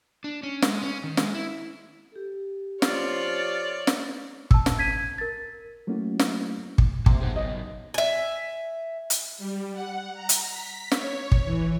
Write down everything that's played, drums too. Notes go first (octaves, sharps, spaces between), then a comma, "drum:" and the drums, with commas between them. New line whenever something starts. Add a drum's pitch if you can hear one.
D4
C#4
G#3, drum: snare
C#4
D#3
G#3, drum: snare
E4
G4 A4
F3 F4 C#5 D5, drum: snare
drum: snare
A5 E6, drum: kick
drum: snare
G#6 B6 D#7
A#4 A6
F#3 A3 A#3 C#4 E4 F#4
drum: snare
drum: kick
C3 A#3, drum: kick
B1 G#4 C5 F#5
C#3 F#3 D#5
E5 G#5
drum: hi-hat
G3
F#5
A#5
drum: hi-hat
B6
C#5, drum: snare
drum: kick
E3